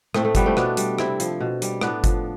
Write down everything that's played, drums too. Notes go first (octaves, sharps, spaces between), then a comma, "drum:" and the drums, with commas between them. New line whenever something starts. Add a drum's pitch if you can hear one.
A2 A3 C4, drum: rim click
A3
F3 G3 B3, drum: kick G1, hi-hat
A3 C4
B2 B3 D4, drum: rim click
G3, drum: hi-hat
C3 C4 E4, drum: rim click
F3, drum: hi-hat
B2
G3, drum: hi-hat
A2 B3 D4, drum: rim click
F3, drum: kick G1, hi-hat